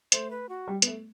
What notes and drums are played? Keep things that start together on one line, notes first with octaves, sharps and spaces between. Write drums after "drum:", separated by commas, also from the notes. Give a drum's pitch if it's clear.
A3 C5, drum: hi-hat
B4
F#4
G3
B3, drum: hi-hat
A3